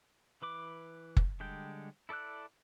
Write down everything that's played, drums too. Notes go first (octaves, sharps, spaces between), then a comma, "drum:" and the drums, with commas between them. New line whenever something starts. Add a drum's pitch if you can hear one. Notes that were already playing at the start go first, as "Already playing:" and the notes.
E3 B4 D6
drum: kick F#1
D3 G3 G#3 G5
E4 A4 D5 E6 F#6